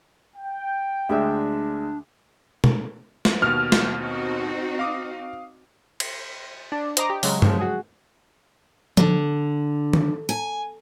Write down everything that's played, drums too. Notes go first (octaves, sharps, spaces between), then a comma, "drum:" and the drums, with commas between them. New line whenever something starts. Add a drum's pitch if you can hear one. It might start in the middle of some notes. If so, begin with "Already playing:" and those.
G5
D2 G#3 D4 E5
drum: tom
drum: snare
D#2 B2 F6
drum: snare
C4 D#4 F#4
F5 D6 D#6
drum: cymbal
D4
C5 D#5 A#5 D6, drum: hi-hat
G4
C#3 F#3 G#3, drum: open hi-hat
F3 F#3 G#3, drum: tom
F#4 G#4
D3, drum: tom F3
drum: tom
G#5